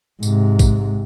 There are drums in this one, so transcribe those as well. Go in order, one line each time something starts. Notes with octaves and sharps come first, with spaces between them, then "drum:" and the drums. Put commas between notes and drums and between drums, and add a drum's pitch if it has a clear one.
G#2 C3, drum: tambourine
drum: kick A1, tambourine